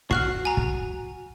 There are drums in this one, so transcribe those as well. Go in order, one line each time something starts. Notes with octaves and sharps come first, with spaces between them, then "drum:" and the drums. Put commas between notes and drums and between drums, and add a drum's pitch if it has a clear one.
F#4 F6 F#6 C7, drum: kick
G#5 A#5
drum: kick